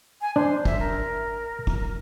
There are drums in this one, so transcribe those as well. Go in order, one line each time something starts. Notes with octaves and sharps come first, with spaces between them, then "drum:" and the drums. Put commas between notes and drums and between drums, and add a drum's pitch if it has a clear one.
G#5
D4 C5
E5, drum: kick
A#4
drum: kick